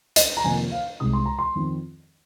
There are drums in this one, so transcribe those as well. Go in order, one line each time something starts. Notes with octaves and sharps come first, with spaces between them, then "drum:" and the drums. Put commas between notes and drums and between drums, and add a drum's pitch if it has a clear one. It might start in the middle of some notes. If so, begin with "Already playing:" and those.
D#5, drum: hi-hat
A#5
F2 C3 D#3 A#3 G#5
F5
C2 C3 G#3 D#4 D#6
C6
A#5
C6
F2 D#3 C4 D#4